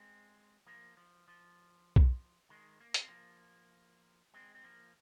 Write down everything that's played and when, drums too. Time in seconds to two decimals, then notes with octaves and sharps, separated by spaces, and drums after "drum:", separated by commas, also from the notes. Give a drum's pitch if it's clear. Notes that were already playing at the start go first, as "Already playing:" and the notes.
Already playing: G#3 C4
0.67 F3 A#3
0.97 F3
1.28 F3
1.96 drum: kick B1
2.50 D#3 G#3
2.81 A#3
2.94 C4, drum: hi-hat
3.08 F3 A#3
4.34 G#3 C4
4.55 C4
4.64 F3 A#3